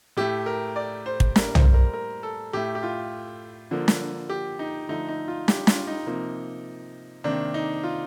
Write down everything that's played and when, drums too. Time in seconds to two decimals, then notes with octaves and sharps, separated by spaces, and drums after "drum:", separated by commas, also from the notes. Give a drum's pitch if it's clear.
0.17 A2 A3 G4
0.46 A#4
0.76 D5
1.06 C5
1.20 drum: kick
1.36 A2 G3 A#3 A#4, drum: snare
1.55 C5, drum: tom
1.74 A#4
1.93 A#4
2.23 A4
2.53 A2 A3 G4
2.75 G4
2.83 F4
3.71 D3 F3 A#3
3.88 drum: snare
4.30 G4
4.59 D#4
4.89 D3 F3 A3 D#4
5.08 D#4
5.28 F4
5.48 G4, drum: snare
5.67 F4, drum: snare
5.87 D#4
6.07 C3 F3 A#3
7.24 C3 D#3 A#3 D4
7.54 D#4
7.84 F4